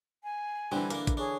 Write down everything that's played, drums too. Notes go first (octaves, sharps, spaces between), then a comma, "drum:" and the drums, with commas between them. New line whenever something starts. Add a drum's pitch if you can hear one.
G#5
D3 E3 G3 C4
A#3 D4 A#4, drum: hi-hat
drum: kick, hi-hat
D4 G#4 C#5 C#6